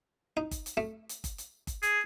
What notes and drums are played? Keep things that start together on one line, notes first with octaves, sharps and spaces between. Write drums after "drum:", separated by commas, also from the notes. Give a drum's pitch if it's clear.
D#4
drum: kick G1, hi-hat
drum: hi-hat
A3
drum: hi-hat
drum: kick G1, hi-hat
drum: hi-hat
drum: kick G1, hi-hat
G#4, drum: hi-hat